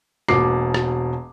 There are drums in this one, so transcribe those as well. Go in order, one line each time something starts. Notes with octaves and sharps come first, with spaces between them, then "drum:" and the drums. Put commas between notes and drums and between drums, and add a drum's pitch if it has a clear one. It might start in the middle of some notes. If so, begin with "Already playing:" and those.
E1 B2 A#3 D6 C7, drum: rim click
drum: rim click